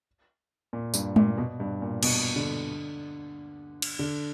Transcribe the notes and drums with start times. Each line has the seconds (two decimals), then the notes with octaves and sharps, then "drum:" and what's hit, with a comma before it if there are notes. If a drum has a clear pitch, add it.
0.73 A#2
0.94 G2, drum: tambourine
1.16 A#2, drum: tom G#3
1.37 B2
1.60 G2
1.82 A#2
2.03 B2, drum: cymbal
2.36 D3
3.82 drum: cymbal
3.99 D3